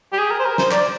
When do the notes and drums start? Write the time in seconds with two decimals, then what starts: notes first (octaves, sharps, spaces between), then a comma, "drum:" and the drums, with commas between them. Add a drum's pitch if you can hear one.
0.13 G4
0.19 G#4
0.31 A#4
0.40 C5
0.45 A#4
0.58 C5, drum: snare
0.71 D5, drum: clap